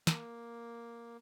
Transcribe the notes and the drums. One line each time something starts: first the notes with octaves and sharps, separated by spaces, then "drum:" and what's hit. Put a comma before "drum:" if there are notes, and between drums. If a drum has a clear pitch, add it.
A#3, drum: snare